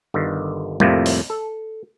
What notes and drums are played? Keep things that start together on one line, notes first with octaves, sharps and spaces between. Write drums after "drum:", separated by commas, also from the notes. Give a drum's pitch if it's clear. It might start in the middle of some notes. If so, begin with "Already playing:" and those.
G1 D3 D#3
C2 F2 A2 C3 A3 A#3, drum: tom G3
drum: open hi-hat
A4